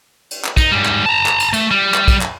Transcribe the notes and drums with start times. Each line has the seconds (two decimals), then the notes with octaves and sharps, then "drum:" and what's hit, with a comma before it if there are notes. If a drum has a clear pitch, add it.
0.31 drum: cymbal
0.44 drum: clap
0.57 D#4, drum: kick, cymbal
0.71 G#2 G3
0.85 drum: clap
1.06 A5 A#5
1.26 drum: clap
1.40 drum: cymbal
1.53 A3, drum: cymbal
1.71 G3
1.94 drum: clap
2.08 drum: kick, cymbal
2.21 drum: clap